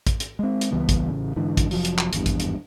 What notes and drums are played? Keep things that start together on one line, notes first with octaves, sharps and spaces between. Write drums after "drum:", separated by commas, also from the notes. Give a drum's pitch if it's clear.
drum: kick A1, hi-hat
drum: hi-hat
G#3 C4
drum: hi-hat
C#2 E3 G3 B3
drum: kick A1, hi-hat
A1 A2 C#3
G#2 D3 E3
drum: kick A1, hi-hat
F1 F3 F#3, drum: open hi-hat
drum: hi-hat
drum: clap
G#1 E2 G2, drum: hi-hat
drum: kick A1, hi-hat
drum: hi-hat